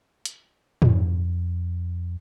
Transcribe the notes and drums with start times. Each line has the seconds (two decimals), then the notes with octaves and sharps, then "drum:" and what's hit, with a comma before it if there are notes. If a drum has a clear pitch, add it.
0.25 drum: hi-hat
0.82 F2, drum: tom